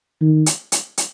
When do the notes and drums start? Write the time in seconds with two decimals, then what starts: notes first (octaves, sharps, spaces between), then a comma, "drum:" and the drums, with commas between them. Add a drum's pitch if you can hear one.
0.21 D#3
0.46 drum: hi-hat
0.72 drum: hi-hat
0.98 drum: hi-hat